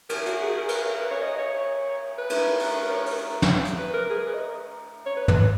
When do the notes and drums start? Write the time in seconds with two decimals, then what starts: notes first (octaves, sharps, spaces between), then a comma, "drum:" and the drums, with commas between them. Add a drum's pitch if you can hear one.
0.09 A#4, drum: cymbal
0.26 F#4, drum: hi-hat
0.42 G#4
0.58 A#4
0.68 B4, drum: cymbal
0.79 A#4
0.90 A#4
1.00 B4
1.11 C#5
1.22 D#5
1.38 C#5
1.54 C#5
2.18 B4
2.30 drum: cymbal
2.59 drum: open hi-hat
2.82 A#4
2.90 C#5
2.98 B4
3.06 A#4, drum: open hi-hat
3.42 drum: snare
3.65 drum: hi-hat
3.79 B4
3.94 A#4
4.10 G#4
4.18 A#4
4.27 B4
4.34 D#5
5.06 C#5
5.17 B4
5.28 B4, drum: tom